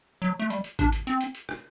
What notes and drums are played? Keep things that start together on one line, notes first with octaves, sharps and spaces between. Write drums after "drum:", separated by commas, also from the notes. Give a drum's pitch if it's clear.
F#3
A3
G3, drum: hi-hat
drum: hi-hat
D4, drum: kick G#1, hi-hat
drum: hi-hat
C4, drum: hi-hat
drum: hi-hat
drum: hi-hat
drum: rim click